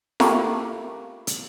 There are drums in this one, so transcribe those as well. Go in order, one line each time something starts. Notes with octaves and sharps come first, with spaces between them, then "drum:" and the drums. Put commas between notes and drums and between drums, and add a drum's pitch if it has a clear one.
A3 A#3 E4 G4, drum: snare F4
drum: hi-hat